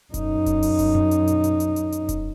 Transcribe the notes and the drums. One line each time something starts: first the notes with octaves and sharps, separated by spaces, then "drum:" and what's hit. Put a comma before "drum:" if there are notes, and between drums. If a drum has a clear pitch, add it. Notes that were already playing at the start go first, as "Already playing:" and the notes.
F#2 D#4, drum: kick E1, hi-hat
drum: kick E1, hi-hat
drum: open hi-hat
drum: kick E1, hi-hat
drum: tom F#2
drum: hi-hat
drum: hi-hat
drum: hi-hat
drum: hi-hat
drum: hi-hat
drum: hi-hat
drum: kick E1, hi-hat